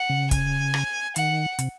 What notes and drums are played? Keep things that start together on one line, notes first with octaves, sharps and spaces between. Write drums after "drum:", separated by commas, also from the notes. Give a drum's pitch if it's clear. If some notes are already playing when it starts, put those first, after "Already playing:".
Already playing: F#5
C#3
G#5, drum: kick, hi-hat
drum: rim click
D#3 F#5, drum: hi-hat
C3, drum: hi-hat